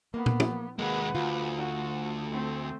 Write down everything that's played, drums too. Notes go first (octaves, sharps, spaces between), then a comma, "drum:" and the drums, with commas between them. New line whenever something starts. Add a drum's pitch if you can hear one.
A#3 B3
drum: tom
drum: tom
D#2 G#3 A#3 B4 F#5
D2 F4
F#4
A3 C4